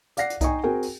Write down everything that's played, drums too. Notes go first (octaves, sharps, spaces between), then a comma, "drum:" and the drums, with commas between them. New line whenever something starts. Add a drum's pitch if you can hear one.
D5 F5 F#5 A#6 C7, drum: hi-hat
drum: hi-hat
D#4 D#5 G5 G#5 C#6, drum: kick B1, hi-hat
C4 F#4 G#4 A#4 G5 G#5
drum: open hi-hat